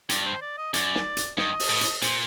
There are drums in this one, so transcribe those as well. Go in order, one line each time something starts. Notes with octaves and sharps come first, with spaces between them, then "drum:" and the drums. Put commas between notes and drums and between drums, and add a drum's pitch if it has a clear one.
G2 D5, drum: hi-hat
D5
C5
D5
D#5
F#2 D5, drum: hi-hat
drum: snare
drum: hi-hat
G2 D#5, drum: snare
drum: open hi-hat
A2
drum: hi-hat
A#2 C5, drum: hi-hat